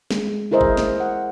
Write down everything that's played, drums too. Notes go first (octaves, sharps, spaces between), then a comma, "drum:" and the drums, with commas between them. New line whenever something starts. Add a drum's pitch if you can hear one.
G#3, drum: snare
E4 G#4 A#4 C5 D#5 E5
drum: kick G1
drum: snare
F#5